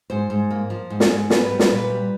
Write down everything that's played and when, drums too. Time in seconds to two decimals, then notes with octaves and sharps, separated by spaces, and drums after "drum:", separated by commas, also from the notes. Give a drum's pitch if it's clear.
0.10 G#2 C5
0.30 G#2
0.50 A#3
0.70 F3
0.90 G#2
1.00 drum: snare
1.10 G#2
1.30 B3 B4, drum: snare
1.44 B4
1.51 G3
1.59 B4, drum: snare
1.71 A#2 B4
1.90 G3